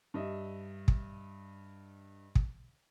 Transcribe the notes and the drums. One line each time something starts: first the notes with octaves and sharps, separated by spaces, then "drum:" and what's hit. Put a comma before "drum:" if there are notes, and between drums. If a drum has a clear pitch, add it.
G2 D#5 E5
drum: kick
drum: kick